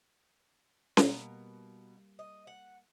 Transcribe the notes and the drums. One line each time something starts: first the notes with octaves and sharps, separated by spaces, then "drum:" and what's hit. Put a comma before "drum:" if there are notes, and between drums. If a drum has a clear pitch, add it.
B2 G3 A#3 A#5, drum: snare C#4
D#5
F#5